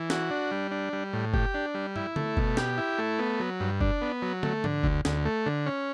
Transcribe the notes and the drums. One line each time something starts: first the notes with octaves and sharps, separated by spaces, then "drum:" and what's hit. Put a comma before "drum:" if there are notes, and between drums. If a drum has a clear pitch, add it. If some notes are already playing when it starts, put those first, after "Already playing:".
Already playing: E3
F#4, drum: snare
D4
G3
D4
G3
A2
G4, drum: kick F#1
D4
G3
E4, drum: tom
A3, drum: tom
B2, drum: kick F#1
G4, drum: snare
E4
A3
B3
F#3
G2
D4, drum: kick F#1
B3
F#3
A3, drum: tom
D3, drum: tom G#2
D2, drum: kick F#1
D2, drum: snare
A3
D3
C#4